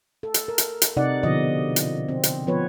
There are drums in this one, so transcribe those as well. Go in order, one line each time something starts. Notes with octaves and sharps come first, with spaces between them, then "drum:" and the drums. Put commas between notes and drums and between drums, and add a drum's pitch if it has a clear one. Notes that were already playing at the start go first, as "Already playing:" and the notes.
A4
drum: hi-hat
A#4
drum: hi-hat
drum: hi-hat
C3 D#4 D5 F#5
B2 D3 F3 D#5
drum: hi-hat
C4
drum: hi-hat
F3 B3 B4 C#5